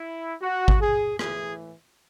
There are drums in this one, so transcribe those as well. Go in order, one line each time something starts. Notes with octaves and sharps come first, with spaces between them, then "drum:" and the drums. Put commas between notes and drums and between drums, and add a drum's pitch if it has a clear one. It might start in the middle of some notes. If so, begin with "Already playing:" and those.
Already playing: E4
F#4
drum: kick G#1
G#4
A2 E3 G#4, drum: rim click